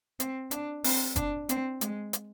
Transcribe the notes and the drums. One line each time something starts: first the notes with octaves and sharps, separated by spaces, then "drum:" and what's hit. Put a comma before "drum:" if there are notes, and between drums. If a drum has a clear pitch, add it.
C4, drum: hi-hat
D4, drum: hi-hat
C4, drum: open hi-hat
D4, drum: kick F#1, hi-hat
C4, drum: hi-hat
G#3, drum: hi-hat
drum: hi-hat